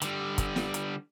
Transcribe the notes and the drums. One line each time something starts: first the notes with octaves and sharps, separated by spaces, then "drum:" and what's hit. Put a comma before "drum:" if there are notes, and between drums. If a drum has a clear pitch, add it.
D3 G3, drum: hi-hat
drum: kick, hi-hat
drum: snare
drum: hi-hat